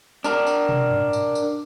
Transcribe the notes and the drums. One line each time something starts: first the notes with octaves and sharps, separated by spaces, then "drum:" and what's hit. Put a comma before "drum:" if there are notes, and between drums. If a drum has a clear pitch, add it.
D4 A#4, drum: tambourine
drum: tambourine
drum: tom
drum: tom G2
drum: tambourine
drum: tambourine